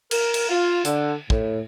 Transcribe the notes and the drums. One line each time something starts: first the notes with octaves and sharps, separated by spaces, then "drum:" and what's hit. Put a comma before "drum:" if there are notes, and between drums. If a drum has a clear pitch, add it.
A#4, drum: cymbal
drum: cymbal
F4
D3, drum: hi-hat
A2, drum: kick